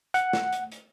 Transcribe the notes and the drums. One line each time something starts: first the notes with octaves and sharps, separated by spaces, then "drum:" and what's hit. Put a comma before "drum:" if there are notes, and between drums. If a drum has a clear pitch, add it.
F#5, drum: hi-hat
drum: snare
drum: hi-hat
drum: hi-hat